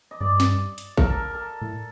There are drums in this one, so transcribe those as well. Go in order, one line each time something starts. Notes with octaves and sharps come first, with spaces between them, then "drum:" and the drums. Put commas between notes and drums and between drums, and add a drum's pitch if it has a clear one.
D#5
G2 D5
drum: snare
drum: hi-hat
A#4, drum: kick A1
A4
A#4
A4 A#4
A2